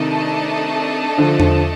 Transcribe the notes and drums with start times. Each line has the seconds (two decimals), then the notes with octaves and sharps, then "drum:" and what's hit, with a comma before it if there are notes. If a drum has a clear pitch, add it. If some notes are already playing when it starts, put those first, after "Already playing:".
Already playing: C3 D#3 A3 D4 A4 D#5 A5
1.18 D3 F3
1.40 D3 F3, drum: tom E2